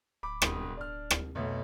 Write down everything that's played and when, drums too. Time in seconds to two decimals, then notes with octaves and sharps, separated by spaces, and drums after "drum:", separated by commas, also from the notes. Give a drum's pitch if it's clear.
0.23 D1 B5 D6
0.42 E1 G2 D#6, drum: rim click
0.77 D4 F6
1.11 drum: rim click
1.35 B1 F2 B2 A3